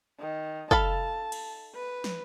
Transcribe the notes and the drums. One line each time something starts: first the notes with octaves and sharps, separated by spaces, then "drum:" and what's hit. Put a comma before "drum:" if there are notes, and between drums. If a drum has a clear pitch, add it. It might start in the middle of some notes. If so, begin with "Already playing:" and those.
D#3
A4 F5 A5 B5, drum: kick
drum: cymbal
B4
drum: snare